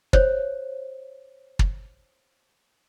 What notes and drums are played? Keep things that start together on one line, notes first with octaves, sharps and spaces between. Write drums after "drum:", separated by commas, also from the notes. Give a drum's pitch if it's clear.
C5 C#5, drum: kick
drum: kick